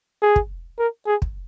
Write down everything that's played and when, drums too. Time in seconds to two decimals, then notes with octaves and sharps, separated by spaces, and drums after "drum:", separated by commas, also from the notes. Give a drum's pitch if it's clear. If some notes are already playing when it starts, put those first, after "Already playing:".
0.22 G#4
0.36 drum: kick
0.79 A#4
1.07 G#4
1.22 drum: kick